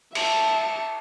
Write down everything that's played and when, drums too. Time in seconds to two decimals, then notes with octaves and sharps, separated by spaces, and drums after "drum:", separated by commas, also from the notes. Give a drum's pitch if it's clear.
0.15 E5 A5, drum: cymbal